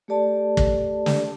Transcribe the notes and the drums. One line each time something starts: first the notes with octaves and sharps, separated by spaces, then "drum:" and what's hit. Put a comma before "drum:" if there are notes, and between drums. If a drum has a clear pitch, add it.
A3 G4 A4 D5 A5
drum: kick
drum: snare